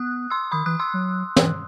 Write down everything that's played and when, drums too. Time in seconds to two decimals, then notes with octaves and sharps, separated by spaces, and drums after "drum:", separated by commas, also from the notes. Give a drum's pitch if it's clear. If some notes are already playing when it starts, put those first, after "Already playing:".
Already playing: B3 D#6 F#6
0.30 C6 E6
0.52 D#3 B5 D#6
0.66 E3 D#6 F#6
0.80 C6 E6
0.94 F#3
1.36 E3, drum: snare